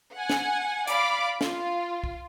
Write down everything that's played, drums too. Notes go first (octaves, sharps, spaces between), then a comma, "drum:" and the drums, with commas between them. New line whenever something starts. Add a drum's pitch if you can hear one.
F#5 G#5
drum: snare
D5 F5 B5 D6, drum: hi-hat
F4, drum: snare
drum: kick